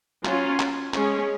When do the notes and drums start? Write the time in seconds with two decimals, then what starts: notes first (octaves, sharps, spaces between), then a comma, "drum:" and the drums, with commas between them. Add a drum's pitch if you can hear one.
0.25 F#3 C#4 F4, drum: clap
0.59 drum: clap
0.94 G#3 C#4 G#4 C#5, drum: clap